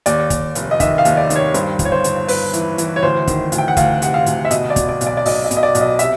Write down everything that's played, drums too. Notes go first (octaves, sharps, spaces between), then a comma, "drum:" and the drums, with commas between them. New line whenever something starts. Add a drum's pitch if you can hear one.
D#2 D5, drum: hi-hat
D#2, drum: kick, hi-hat
F1, drum: hi-hat
D#5
D#3 E5, drum: kick, hi-hat
F5
D#2, drum: hi-hat
D5
D#3, drum: hi-hat
C#5
G2 C5, drum: hi-hat
G1, drum: kick, hi-hat
C#5
C5
G1, drum: hi-hat
G1 B4, drum: open hi-hat
E3, drum: hi-hat
E3, drum: hi-hat
C#5
D2 C5
D#3, drum: kick, hi-hat
D2, drum: hi-hat
G5
F#5
D2 F5, drum: kick, hi-hat
C3 F#5, drum: hi-hat
F5
D2, drum: hi-hat
E5
B2 D#5, drum: hi-hat
D5
B2, drum: kick, hi-hat
D5
B1, drum: hi-hat
D5
D5
B1 D#5, drum: open hi-hat
D#5
B2, drum: hi-hat
D#5
D5
B1, drum: hi-hat
D#5
C3 E5, drum: hi-hat